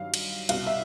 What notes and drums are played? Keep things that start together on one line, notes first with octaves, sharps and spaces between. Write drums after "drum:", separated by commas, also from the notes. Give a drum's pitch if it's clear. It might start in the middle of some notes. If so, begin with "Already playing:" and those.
Already playing: G2 D#3 F#3 F5
drum: cymbal
C2 B2 G3 F5, drum: cymbal
E5